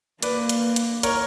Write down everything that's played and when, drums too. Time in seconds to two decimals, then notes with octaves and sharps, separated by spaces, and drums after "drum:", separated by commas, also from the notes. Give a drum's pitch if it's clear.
0.22 A#3 B4 D5, drum: hi-hat
0.49 drum: hi-hat
0.76 drum: hi-hat
1.03 A#4 C#5, drum: hi-hat